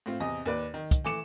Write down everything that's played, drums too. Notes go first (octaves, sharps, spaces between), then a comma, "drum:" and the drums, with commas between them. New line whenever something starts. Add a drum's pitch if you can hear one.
A2 C4 F4
E2 C3 D#5 D#6
D#2 B4 D5
D#3
drum: kick, hi-hat
E3 A3 D6 C#7 E7